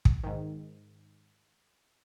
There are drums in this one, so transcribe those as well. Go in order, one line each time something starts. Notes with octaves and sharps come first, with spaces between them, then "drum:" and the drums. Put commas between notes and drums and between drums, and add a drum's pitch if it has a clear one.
drum: kick
G#2 D#3